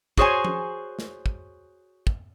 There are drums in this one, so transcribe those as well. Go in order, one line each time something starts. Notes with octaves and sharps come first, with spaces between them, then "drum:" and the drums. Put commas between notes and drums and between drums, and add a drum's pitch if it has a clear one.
F#4 G#4 C5 C#5 G#5, drum: kick
drum: tom F3
drum: snare
drum: kick
drum: kick